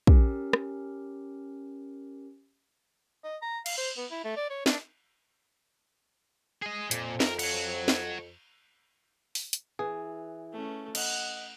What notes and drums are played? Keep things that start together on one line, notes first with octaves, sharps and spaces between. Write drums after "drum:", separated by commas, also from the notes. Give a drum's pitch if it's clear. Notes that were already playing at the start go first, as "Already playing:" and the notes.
C#4 G4 A#4, drum: kick
drum: rim click
D#5
A#5
F5, drum: cymbal
C5
B3
E4
A3
D5
C#5
D4, drum: snare
G#4 D#5
F2 A#2, drum: hi-hat
A#4, drum: snare
C#5 F#5, drum: cymbal
drum: snare
drum: open hi-hat
drum: hi-hat
E3 G#4
A3 C#4
D#5 F#5, drum: cymbal